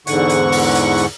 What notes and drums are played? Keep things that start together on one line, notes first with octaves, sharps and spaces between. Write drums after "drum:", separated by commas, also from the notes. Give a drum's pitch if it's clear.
E2 G#2 D3 F#5 C#6, drum: hi-hat
drum: hi-hat
drum: open hi-hat
drum: hi-hat
drum: hi-hat